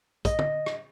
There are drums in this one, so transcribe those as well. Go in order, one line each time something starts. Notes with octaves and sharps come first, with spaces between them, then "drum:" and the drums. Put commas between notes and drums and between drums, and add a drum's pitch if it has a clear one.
D#5, drum: kick, hi-hat
drum: tom
drum: rim click